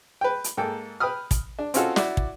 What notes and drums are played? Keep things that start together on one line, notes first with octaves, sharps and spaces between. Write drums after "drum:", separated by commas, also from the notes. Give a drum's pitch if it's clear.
B4 G5
drum: hi-hat
G#2 A#3 A4 G5
B4 G5 B5 D#6 F6
drum: kick, hi-hat
D4
C4 C#4 D#4 F4 F#4 A4, drum: hi-hat
E4 F#4 D5, drum: snare
drum: kick